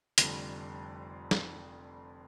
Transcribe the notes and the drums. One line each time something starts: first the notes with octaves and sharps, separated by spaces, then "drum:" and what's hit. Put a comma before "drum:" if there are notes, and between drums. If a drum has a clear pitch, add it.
F1 F2 D3 G3, drum: hi-hat
drum: snare